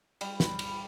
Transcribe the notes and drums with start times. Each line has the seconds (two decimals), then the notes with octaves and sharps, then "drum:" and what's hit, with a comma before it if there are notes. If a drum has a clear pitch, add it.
0.21 G3, drum: cymbal
0.40 drum: snare
0.59 drum: cymbal